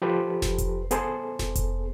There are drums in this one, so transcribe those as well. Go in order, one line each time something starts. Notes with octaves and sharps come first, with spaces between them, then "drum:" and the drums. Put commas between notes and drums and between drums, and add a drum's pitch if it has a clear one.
F3 G4 A4 B4 C5
drum: snare F1
drum: kick F1, hi-hat
B3 G#4 A4 C5, drum: hi-hat
drum: snare F1
drum: kick F1, hi-hat